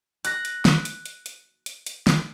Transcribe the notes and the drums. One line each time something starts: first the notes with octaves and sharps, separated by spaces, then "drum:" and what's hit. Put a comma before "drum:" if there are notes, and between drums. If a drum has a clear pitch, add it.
F#6 A#6, drum: hi-hat
drum: hi-hat
drum: snare
drum: hi-hat
drum: hi-hat
drum: hi-hat
drum: hi-hat
drum: hi-hat
drum: snare